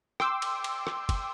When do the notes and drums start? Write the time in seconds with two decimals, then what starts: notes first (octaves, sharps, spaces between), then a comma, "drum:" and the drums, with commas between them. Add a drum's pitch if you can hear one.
0.20 G5 C6 D6 E6, drum: rim click
0.42 drum: cymbal
0.64 drum: cymbal
0.87 drum: rim click
1.09 drum: kick, cymbal